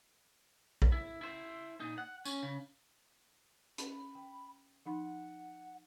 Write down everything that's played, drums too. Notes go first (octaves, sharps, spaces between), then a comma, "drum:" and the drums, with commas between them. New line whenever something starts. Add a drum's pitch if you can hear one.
drum: kick
E4
E4 C5
A#2 D#4
F#5
C#4, drum: tambourine
C#3
C#4 B5, drum: hi-hat
G5
F3 D#4 F#5 B5